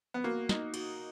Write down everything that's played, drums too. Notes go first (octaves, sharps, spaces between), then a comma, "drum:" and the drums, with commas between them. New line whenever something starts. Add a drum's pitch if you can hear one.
B3
A#3 F#4
D#4, drum: snare
F#4, drum: cymbal